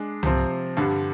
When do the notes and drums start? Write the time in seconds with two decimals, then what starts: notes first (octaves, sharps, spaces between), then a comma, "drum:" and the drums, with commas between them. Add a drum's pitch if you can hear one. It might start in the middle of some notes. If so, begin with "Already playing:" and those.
Already playing: G#3 D4
0.23 C3 F3 C4, drum: tom C2
0.77 G2 D3 G3 D4